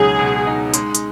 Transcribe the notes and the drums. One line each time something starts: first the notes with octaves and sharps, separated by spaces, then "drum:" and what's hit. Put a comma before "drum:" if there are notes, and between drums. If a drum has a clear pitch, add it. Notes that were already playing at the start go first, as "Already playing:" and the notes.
Already playing: C#2 B2 F#3 D#4 G#4
B2
D#4
G#3, drum: hi-hat
drum: hi-hat